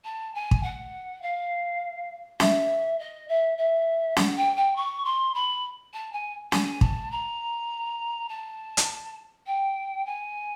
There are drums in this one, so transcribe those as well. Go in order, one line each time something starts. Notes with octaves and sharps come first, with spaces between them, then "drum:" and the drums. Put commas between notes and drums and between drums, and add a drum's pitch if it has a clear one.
A5
G#5
drum: kick
F#5
F5
E5, drum: snare
D#5
E5
E5
F#5, drum: snare
G5
G5
C#6
C6
B5
A5
G#5
G#5, drum: snare
A5, drum: kick
A#5
A5
drum: hi-hat
G5
G#5